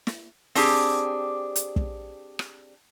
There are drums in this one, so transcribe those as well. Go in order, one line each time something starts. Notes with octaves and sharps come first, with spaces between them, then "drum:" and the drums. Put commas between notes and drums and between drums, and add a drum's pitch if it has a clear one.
drum: snare
C4 D4 G4 G#4, drum: open hi-hat
drum: hi-hat
drum: kick
drum: rim click